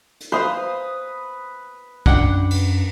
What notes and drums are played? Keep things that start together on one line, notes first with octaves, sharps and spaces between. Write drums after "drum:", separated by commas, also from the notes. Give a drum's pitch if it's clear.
drum: hi-hat
B4 C5 F5 D#6
F#2 D4 F#5 G5, drum: kick
drum: cymbal